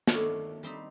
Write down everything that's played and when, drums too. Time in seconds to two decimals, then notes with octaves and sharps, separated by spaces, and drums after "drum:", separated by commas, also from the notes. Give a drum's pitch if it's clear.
0.07 D#3 A3 D4 E4 C#5 F5, drum: snare
0.63 G3 C4 D#4 B5